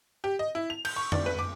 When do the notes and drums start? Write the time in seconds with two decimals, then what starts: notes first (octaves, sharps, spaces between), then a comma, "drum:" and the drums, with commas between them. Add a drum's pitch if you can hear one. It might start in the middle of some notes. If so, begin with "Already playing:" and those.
0.24 G4
0.39 D#5
0.55 E4
0.70 F7
0.85 G6, drum: cymbal
0.96 C#6
1.12 D5, drum: tom F2
1.26 B4
1.39 D6